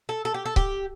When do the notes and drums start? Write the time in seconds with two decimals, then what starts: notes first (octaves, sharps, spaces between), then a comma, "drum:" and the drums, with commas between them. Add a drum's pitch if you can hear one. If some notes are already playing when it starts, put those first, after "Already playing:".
0.09 A4
0.25 A4
0.34 G4
0.45 A4
0.56 G4, drum: kick C#1